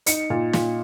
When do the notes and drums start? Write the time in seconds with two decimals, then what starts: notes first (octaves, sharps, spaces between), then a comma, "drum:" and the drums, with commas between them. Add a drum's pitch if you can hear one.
0.06 D#4 C#7, drum: hi-hat
0.30 A#2
0.53 A#2, drum: snare